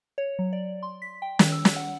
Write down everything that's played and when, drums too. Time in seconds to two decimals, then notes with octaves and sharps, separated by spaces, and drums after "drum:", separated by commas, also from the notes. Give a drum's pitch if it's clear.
0.18 C#5
0.39 F#3
0.53 D5
0.83 C6
1.02 B6
1.22 G5
1.39 D#3, drum: snare
1.52 E6
1.65 drum: snare
1.76 F#5